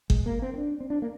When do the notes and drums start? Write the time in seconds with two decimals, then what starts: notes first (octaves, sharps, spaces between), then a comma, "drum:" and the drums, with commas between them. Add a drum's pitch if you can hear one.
0.10 G#3, drum: kick G1
0.26 A#3
0.42 C4
0.54 C4
0.58 D4
0.80 C4
0.90 D4
1.02 A#3